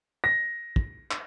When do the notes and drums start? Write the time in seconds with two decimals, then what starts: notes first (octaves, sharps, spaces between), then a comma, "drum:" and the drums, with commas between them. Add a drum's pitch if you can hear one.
0.24 A#6
0.76 drum: kick
1.11 drum: clap